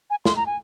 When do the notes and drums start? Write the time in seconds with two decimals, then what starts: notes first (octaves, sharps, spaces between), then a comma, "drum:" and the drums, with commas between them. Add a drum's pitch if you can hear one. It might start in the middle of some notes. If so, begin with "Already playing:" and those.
0.10 G#5
0.25 C6, drum: snare
0.36 A#5
0.46 G#5